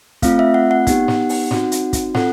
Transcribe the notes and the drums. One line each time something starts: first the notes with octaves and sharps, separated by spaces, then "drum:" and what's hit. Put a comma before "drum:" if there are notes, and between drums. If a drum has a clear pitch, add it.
A3 C4 F4 F5, drum: kick, hi-hat
E5
F#5
F#5
B3 D#4 G4 F#5, drum: kick, hi-hat
drum: snare
drum: open hi-hat
C4 D#4 F#4, drum: snare
drum: hi-hat
drum: kick, hi-hat
C4 F4 A4 F#5, drum: snare